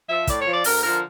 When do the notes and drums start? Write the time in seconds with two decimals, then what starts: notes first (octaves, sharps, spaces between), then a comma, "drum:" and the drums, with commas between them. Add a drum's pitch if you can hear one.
0.09 F3 E5
0.27 A2 D5, drum: kick, hi-hat
0.40 C#5
0.46 F3
0.52 D5
0.64 D2 A#4, drum: open hi-hat
0.83 D3 F3 A#4